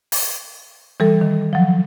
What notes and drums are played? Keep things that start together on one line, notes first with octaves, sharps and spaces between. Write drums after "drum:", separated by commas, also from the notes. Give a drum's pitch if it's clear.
drum: open hi-hat
E3 G3 A4
D#3
F3 F#3